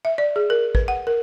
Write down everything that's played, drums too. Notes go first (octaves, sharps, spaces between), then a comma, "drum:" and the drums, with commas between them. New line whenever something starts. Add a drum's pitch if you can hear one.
E5
D5
G#4
A#4
B4, drum: kick
F#5
A#4